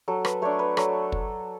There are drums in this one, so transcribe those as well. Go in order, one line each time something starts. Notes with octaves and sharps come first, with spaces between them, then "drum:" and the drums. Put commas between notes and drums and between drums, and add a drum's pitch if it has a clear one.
F#3 A4
B4, drum: rim click
A3 D4 C#5
B4
F#3 A4, drum: rim click
drum: kick